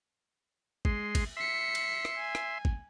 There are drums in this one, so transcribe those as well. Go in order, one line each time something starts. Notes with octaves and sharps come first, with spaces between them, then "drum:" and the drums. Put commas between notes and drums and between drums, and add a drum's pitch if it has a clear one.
G#3 C6, drum: kick
drum: kick, cymbal
E5 C6 B6 C#7
drum: cymbal
drum: rim click
G#5
drum: rim click
drum: kick